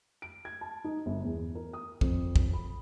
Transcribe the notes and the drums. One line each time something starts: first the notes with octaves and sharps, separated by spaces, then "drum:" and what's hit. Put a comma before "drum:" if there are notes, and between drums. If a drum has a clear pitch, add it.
D7
G#6
A5
D#4
G1
E2
A#4
D#6
F2, drum: kick
drum: kick
B5